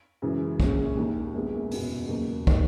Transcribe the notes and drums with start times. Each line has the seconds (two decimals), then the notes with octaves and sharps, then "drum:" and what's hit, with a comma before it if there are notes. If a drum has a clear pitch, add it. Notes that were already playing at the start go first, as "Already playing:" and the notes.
0.22 F#2 C#3 E3 G#3
0.60 A#1 A#2 G#3 C#4, drum: kick
0.97 D#2 D#3 A#3
1.34 A#1 A#2 G#3 B3
1.71 F#1 E2 B2, drum: open hi-hat
2.09 E1 D#2 C#3 F#3 A#3
2.47 D#3 A#3 D#4, drum: kick